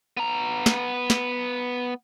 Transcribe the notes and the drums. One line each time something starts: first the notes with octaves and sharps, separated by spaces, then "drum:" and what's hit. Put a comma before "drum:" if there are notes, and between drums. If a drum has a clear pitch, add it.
B3 A#5
drum: snare
drum: snare